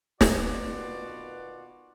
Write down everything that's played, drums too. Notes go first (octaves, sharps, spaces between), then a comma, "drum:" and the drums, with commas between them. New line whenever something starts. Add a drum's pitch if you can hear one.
B2 D#3 B3 F4 F#4 D5, drum: snare